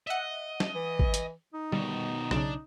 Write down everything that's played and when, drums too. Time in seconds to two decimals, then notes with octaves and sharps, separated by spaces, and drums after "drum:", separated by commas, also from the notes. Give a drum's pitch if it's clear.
0.07 D#5 E5 F#5
0.60 drum: snare
0.75 E3
0.99 drum: kick
1.14 drum: hi-hat
1.54 D#4
1.72 B2 D#3 G3, drum: tom D3
2.31 B1 C#3 D4, drum: rim click